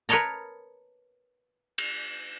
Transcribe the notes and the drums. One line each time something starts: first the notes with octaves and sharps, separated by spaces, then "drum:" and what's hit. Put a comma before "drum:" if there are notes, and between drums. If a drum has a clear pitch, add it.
A#4 B4 C#5 D#5 A5 A#5
drum: cymbal